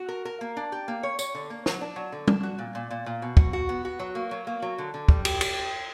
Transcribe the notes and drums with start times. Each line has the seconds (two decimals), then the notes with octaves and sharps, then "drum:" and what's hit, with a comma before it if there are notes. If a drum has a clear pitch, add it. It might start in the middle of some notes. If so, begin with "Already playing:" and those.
Already playing: F#4
0.09 A#4
0.25 A#4
0.41 A#3
0.57 D4
0.72 G4
0.88 A#3
1.03 C#5
1.19 C#5, drum: tambourine
1.35 D3
1.50 A#3
1.66 F#3, drum: snare
1.81 D4
1.96 F#3
2.12 D3
2.28 D4, drum: tom
2.43 F#4
2.59 A#2
2.75 A#2
2.91 A#2
3.06 A#2
3.22 B2
3.37 F#4, drum: kick
3.53 F#4
3.69 B3
3.85 F#4
3.99 F#3
4.15 A#3
4.31 F#3
4.47 A#3
4.62 F#3
4.78 D3
4.94 D3
5.09 G3, drum: kick
5.25 G4, drum: cymbal
5.41 G4, drum: cymbal